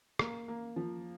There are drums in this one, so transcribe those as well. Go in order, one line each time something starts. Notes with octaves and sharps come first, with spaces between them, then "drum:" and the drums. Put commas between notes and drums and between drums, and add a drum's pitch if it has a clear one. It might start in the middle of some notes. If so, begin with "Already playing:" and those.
A#3, drum: rim click
A#3
F3